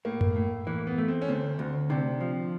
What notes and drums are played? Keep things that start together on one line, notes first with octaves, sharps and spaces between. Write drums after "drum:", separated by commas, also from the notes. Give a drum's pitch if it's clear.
A2 A#3
drum: tom F#2
A2
E3 A#3
B3
A3
C4
C#4
D2 C4
D2
C3 D4
F3